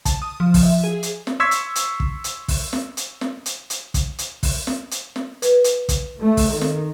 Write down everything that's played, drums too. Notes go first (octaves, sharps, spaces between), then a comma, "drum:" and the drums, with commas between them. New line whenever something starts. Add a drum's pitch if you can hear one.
A5, drum: kick, hi-hat
D#6
F3
drum: kick, open hi-hat
E5
G#4
drum: hi-hat
drum: snare
C6 C#6 E6 G#6 B6
drum: hi-hat
drum: hi-hat
drum: kick
drum: hi-hat
drum: kick, open hi-hat
drum: snare
drum: hi-hat
drum: snare
drum: hi-hat
drum: hi-hat
drum: kick, hi-hat
drum: hi-hat
drum: kick, open hi-hat
drum: snare
drum: hi-hat
drum: snare
B4, drum: hi-hat
drum: hi-hat
drum: kick, hi-hat
A3
drum: kick, open hi-hat
D#3 A4
drum: snare